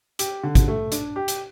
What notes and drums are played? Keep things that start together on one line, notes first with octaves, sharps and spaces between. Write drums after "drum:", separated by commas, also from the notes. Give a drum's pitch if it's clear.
G4, drum: hi-hat
D3
drum: kick, hi-hat
A3
D4, drum: hi-hat
G4
drum: hi-hat